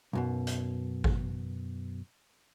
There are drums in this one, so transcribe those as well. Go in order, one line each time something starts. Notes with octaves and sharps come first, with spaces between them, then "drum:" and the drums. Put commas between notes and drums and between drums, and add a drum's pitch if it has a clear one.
B1 F#2 B2
drum: hi-hat
drum: kick G#1